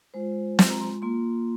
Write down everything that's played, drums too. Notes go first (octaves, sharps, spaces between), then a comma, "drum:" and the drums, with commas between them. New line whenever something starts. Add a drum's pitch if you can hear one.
G#3 F4 C5
C6, drum: snare
A#5
C6
A#3 F4 C6